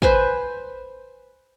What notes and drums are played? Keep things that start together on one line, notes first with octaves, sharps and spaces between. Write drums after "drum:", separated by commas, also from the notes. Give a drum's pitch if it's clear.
B4 C5 G#5, drum: kick